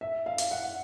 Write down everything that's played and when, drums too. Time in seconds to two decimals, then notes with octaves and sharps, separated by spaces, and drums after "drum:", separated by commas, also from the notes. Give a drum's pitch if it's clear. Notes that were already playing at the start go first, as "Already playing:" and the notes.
0.01 E5
0.26 F5
0.38 drum: hi-hat
0.51 F#5